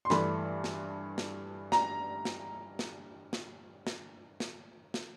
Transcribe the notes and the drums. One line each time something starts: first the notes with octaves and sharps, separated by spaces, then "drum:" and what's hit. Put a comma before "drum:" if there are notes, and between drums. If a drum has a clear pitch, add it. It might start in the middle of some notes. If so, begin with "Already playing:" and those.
C6
G2 E3 A3 D4 B5, drum: snare
drum: snare
drum: snare
A#5, drum: snare
drum: snare
drum: snare
drum: snare
drum: snare
drum: snare
drum: snare